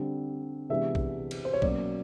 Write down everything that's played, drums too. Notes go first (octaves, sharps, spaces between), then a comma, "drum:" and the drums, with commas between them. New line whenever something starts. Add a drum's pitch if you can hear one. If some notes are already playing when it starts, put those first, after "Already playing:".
Already playing: D3 G3 C4
C3 E3 G#3 B3 D4 E5
drum: kick
drum: cymbal
C5
C#5
B2 F#3 A#3 C#4 D5, drum: kick